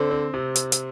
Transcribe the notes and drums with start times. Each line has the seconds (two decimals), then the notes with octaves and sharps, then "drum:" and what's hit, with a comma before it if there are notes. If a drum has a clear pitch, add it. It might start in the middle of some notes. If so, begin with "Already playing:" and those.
Already playing: D3 C4
0.11 C4
0.34 C3
0.56 drum: hi-hat
0.72 drum: hi-hat